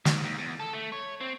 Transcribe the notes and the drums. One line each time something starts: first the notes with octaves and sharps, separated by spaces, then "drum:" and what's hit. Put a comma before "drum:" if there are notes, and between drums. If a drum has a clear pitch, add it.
G#2, drum: snare
D#2
E2
A4
A3
C#5
C4